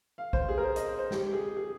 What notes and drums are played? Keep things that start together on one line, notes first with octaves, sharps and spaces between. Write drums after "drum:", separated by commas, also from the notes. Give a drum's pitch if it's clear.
F5
C5, drum: kick
G#4
A#4
C5
D#5, drum: hi-hat
C5
C5
G4, drum: snare
G#4
G#4